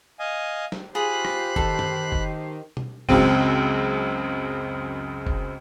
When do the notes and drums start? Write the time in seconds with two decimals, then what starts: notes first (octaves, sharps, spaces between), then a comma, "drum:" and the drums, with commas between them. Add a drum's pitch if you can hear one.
0.19 D#5 F5 G#5
0.72 drum: snare
0.95 F4 G4 G#4 C5 B5 F#6
1.25 drum: rim click
1.56 D#3 A4, drum: kick
1.79 drum: tom F#2
2.12 drum: kick
2.77 drum: tom B2
3.09 C#2 F#2 C#3 C4, drum: kick
5.27 drum: kick